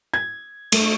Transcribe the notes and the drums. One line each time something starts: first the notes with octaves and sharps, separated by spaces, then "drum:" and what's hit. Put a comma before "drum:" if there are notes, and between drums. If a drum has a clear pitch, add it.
G#6
A3, drum: cymbal